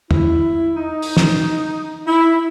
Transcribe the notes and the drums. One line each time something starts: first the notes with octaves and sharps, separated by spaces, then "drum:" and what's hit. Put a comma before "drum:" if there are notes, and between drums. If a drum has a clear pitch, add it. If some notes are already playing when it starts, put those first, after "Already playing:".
E4, drum: tom
D#4
drum: open hi-hat
drum: snare
E4